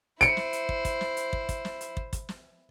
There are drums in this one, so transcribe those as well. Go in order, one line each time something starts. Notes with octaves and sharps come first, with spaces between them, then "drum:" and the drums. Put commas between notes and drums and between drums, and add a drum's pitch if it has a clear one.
E4 C5 C#7 D7, drum: kick, hi-hat
drum: snare
drum: hi-hat
drum: kick
drum: kick, hi-hat
drum: snare
drum: hi-hat
drum: kick
drum: kick, hi-hat
drum: snare
drum: hi-hat
drum: kick
drum: kick, hi-hat
drum: snare